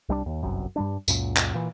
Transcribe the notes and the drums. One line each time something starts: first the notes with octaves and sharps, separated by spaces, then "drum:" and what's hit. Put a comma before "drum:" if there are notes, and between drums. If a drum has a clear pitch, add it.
C2 G3 C4 D4
D#2
G1 C2 F#2
G2 G3 D4
C#2 F#2 A#2, drum: tambourine
drum: clap
A#2 E3